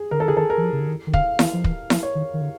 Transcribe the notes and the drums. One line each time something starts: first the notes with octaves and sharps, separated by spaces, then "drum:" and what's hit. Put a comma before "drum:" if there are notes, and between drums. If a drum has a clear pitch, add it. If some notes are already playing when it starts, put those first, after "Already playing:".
Already playing: G#4
D3 A#4
D#3 A4
D3 G#4
D#3 A4
A#4
E3
F3
C#3
D3
D#3
D#3
D3 F5, drum: kick
E3, drum: snare E4
F3
E3, drum: kick
F3, drum: snare E4
C#5
D#3
D#3
D3